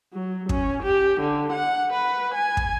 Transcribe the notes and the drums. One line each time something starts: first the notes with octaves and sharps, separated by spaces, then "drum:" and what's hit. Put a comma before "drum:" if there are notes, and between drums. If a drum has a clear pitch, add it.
F#3
C#4, drum: kick
G4
D3
F#5
B4
G#5
drum: kick